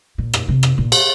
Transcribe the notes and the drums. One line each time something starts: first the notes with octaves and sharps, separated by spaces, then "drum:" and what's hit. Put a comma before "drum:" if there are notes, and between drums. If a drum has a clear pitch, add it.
A#2
drum: rim click
C3
drum: rim click
A#2
drum: cymbal